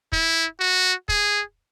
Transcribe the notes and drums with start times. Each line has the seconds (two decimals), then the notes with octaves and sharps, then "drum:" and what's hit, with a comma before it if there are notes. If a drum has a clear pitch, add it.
0.12 E4, drum: kick
0.60 F#4
1.09 G#4, drum: kick